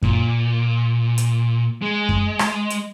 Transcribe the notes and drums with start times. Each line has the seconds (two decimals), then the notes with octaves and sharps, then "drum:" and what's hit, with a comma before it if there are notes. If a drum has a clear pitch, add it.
0.03 A#2, drum: kick F#2
1.18 drum: hi-hat
1.82 G#3
2.09 drum: kick F#2
2.39 drum: rim click
2.70 drum: hi-hat